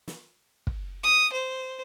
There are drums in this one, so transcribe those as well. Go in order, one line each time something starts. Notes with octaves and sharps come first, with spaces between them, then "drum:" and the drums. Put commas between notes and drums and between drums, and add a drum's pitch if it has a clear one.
drum: snare
drum: kick
D#6
C5